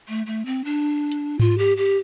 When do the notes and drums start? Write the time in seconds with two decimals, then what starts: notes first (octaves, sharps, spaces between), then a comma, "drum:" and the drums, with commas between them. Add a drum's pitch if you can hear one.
0.08 A3
0.26 A3
0.46 C4
0.64 D4
1.12 drum: hi-hat
1.39 F4, drum: tom G#2
1.58 G4
1.77 G4